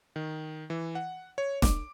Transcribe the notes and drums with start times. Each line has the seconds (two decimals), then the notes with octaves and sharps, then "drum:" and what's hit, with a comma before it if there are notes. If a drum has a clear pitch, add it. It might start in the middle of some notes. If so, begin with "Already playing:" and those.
0.16 D#3
0.70 E3
0.95 F#5
1.38 C#5
1.62 D6, drum: snare E1